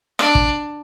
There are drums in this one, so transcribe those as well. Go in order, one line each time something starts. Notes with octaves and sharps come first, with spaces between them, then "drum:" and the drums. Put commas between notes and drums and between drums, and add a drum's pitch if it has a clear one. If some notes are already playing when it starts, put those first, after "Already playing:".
D4, drum: rim click
drum: kick